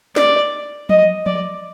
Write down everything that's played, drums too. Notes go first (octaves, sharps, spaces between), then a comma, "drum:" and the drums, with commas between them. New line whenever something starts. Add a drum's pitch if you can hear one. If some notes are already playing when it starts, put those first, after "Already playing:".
D5, drum: snare
D#5, drum: tom F3
D5, drum: tom F3